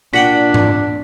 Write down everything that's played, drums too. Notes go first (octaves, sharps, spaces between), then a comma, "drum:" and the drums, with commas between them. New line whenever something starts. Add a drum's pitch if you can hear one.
A#2 D4 F#4 F#5 G5 B6
drum: tom G#2